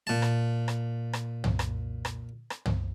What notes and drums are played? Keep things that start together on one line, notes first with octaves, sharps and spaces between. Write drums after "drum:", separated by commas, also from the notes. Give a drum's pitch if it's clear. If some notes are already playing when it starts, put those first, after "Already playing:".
A#2 A5
drum: rim click
drum: rim click
drum: rim click
drum: tom
drum: rim click
drum: rim click
drum: rim click
drum: tom